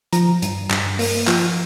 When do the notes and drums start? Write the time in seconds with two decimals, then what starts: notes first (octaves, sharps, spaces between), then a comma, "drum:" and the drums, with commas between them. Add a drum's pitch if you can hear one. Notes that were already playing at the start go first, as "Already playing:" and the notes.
0.13 F3 A#5, drum: hi-hat
0.42 G2, drum: hi-hat
0.70 G2, drum: clap
0.99 A#3, drum: open hi-hat
1.27 F3, drum: clap